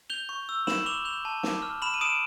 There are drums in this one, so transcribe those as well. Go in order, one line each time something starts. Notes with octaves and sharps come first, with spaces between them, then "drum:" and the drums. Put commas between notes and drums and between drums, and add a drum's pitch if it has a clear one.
G6 F7 G7
C#6
E6
B5 E7 F#7, drum: snare
D6 F7 G7
G6 F7 G7
A5
D6, drum: snare
F6
B5 E7 F#7
D#7
D#6 D7 E7